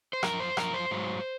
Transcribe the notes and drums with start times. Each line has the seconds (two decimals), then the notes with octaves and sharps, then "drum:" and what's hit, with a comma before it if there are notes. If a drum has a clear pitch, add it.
0.13 C5
0.23 F#2 F3 A#4, drum: rim click
0.40 C5
0.57 F#2 F3 A#4, drum: rim click
0.74 C5
0.91 G#2 F#3